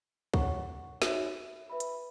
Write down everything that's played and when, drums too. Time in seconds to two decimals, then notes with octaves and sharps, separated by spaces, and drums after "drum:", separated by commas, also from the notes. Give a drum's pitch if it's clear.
0.34 C#5 F#5 C#6, drum: kick
1.02 D#4 F#4 C#5 E5, drum: snare
1.70 B4 E5 B5
1.80 drum: hi-hat